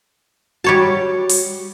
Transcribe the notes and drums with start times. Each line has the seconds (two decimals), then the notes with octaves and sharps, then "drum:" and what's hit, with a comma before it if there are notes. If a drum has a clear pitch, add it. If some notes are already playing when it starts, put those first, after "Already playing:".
0.64 G3 F#4 C#5 A5
1.30 drum: open hi-hat